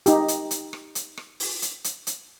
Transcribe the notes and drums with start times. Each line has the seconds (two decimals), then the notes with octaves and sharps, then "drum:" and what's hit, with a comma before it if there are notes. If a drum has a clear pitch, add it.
0.06 D#4 G4, drum: hi-hat
0.28 drum: hi-hat
0.51 drum: hi-hat
0.73 drum: rim click
0.95 drum: hi-hat
1.17 drum: rim click
1.40 drum: open hi-hat
1.62 drum: hi-hat
1.84 drum: hi-hat
2.07 drum: hi-hat